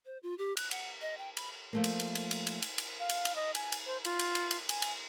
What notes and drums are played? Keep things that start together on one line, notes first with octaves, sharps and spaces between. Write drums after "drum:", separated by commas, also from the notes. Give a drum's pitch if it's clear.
C5
F4
G4
F#6, drum: cymbal
F#5, drum: cymbal
D#5
G5
B5, drum: cymbal
F3 A3 A#3
drum: cymbal
drum: cymbal
drum: cymbal
drum: cymbal
drum: cymbal
drum: cymbal
drum: cymbal
F5
drum: cymbal
drum: cymbal
D#5
G#5, drum: cymbal
drum: cymbal
C5
F4, drum: cymbal
drum: cymbal
drum: cymbal
drum: cymbal
G#5, drum: cymbal
drum: cymbal